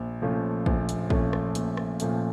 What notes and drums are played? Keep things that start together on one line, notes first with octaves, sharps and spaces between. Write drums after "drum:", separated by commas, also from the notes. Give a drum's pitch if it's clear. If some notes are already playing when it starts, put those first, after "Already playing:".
Already playing: A#1
A#2 F3 A3 C#4
A#1, drum: kick
drum: hi-hat
A#2 F3 A3 C#4, drum: kick
drum: rim click
A#1, drum: hi-hat
drum: rim click
A#2 F3 A3 C#4, drum: hi-hat